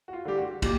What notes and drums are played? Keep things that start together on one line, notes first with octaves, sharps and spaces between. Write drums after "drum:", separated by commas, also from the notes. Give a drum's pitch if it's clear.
F#4
F4
D3 G3 G4
F#4
A#2 G4, drum: kick, cymbal